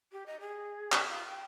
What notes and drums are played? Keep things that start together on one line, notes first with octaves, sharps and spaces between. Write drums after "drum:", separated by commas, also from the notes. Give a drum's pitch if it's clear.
G4
D#5
G#4
G4, drum: clap
F4
G5